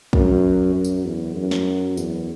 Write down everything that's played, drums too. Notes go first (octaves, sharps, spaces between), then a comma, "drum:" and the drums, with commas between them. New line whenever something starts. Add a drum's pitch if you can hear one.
F#2, drum: kick
F#2
drum: tambourine
E2
F#2
drum: snare
E2, drum: tambourine